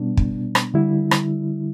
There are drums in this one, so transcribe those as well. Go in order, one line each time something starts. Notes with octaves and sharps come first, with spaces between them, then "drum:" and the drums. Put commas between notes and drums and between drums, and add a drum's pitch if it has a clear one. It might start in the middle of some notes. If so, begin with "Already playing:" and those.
Already playing: B2 G3 B3 D4
drum: kick
drum: rim click
D3 G3 E4
drum: rim click